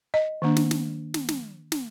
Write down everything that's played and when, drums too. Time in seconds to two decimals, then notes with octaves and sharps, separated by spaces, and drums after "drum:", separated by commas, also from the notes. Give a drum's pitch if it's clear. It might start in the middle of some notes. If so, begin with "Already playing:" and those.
0.14 D#5
0.42 D#3 A#3 D4
0.57 drum: snare
0.71 drum: snare
1.14 drum: snare
1.29 drum: snare
1.72 drum: snare